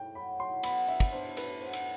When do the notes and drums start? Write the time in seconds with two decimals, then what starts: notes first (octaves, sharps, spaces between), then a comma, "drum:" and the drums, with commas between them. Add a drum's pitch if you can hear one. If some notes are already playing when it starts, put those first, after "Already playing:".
Already playing: A2 G5
0.15 F#3 B5
0.40 F#3 C6
0.63 B3 B5, drum: cymbal
0.88 D4 E5
1.00 drum: kick, cymbal
1.12 D4 C5
1.37 A2 B4, drum: cymbal
1.61 B3 C5
1.73 drum: cymbal